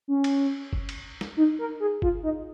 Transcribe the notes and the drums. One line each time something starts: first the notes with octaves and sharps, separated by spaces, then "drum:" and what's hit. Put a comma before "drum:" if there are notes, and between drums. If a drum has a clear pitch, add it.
C#4
drum: cymbal
drum: kick
drum: cymbal
drum: snare
D#4
A#4
G#4
F4, drum: kick
D#4